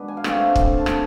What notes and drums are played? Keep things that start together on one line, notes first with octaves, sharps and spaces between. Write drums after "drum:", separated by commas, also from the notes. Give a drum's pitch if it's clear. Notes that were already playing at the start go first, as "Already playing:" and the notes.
Already playing: B2 G#3 D4 B4
G#5
F5
D3 A3 C4 G#5, drum: rim click
drum: kick
A5
G#5, drum: rim click